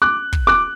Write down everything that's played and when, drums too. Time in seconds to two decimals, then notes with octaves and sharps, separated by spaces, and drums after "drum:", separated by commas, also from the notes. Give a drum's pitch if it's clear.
0.02 D6 F#6
0.33 drum: kick
0.47 D6 F#6